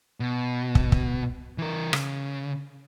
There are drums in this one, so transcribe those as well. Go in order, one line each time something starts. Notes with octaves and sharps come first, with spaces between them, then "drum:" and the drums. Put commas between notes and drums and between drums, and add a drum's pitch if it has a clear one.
B2
drum: kick
drum: kick
E3 A#4
C#3, drum: rim click